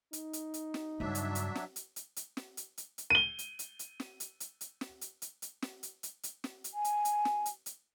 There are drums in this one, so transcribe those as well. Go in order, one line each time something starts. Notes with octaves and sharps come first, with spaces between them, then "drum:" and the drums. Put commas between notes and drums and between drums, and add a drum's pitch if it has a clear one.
D#4, drum: hi-hat
drum: hi-hat
drum: hi-hat
drum: snare
G2 C#3 F#3 D4 E5
drum: hi-hat
drum: hi-hat
drum: snare
drum: hi-hat
drum: hi-hat
drum: hi-hat
drum: snare
drum: hi-hat
drum: hi-hat
drum: hi-hat
D#7 G7
drum: hi-hat
drum: hi-hat
drum: hi-hat
drum: snare
drum: hi-hat
drum: hi-hat
drum: hi-hat
drum: snare
drum: hi-hat
drum: hi-hat
drum: hi-hat
drum: snare
drum: hi-hat
drum: hi-hat
drum: hi-hat
drum: snare
drum: hi-hat
G#5
drum: hi-hat
drum: hi-hat
drum: snare
drum: hi-hat
drum: hi-hat